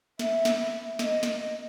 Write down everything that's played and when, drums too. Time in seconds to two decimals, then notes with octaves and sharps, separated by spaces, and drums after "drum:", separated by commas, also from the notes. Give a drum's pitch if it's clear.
0.19 E5, drum: snare
0.45 drum: snare
0.99 D#5, drum: snare
1.23 drum: snare